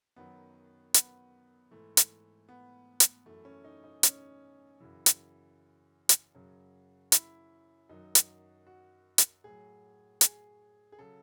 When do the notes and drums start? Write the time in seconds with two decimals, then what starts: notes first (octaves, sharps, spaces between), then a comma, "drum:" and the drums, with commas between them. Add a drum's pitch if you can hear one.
0.16 F#2 D#3 F#3 B3
0.94 B3, drum: hi-hat
1.71 G#2 E3 A3
1.97 drum: hi-hat
2.49 B3
3.00 drum: hi-hat
3.26 F#2 E3 A3
3.45 C#4
3.64 D#4
3.84 D#4
4.03 C#4, drum: hi-hat
4.80 F#2 C#3 E3
5.06 drum: hi-hat
6.09 drum: hi-hat
6.35 F#2 C#3 F#3
7.12 E4, drum: hi-hat
7.89 F#2 D#3 F#3 D#4
8.15 drum: hi-hat
8.67 F#4
9.18 drum: hi-hat
9.44 A2 F#3 G#4
10.21 G#4, drum: hi-hat
10.92 G#4
10.99 C#3 F#3 A4